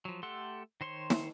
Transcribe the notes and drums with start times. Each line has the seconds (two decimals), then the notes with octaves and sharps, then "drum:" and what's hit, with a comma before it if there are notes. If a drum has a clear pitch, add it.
0.05 F3 F#3
0.23 A3 G4 A4 F#5 C6
0.81 D#3 C5 C#5 C6
1.10 drum: snare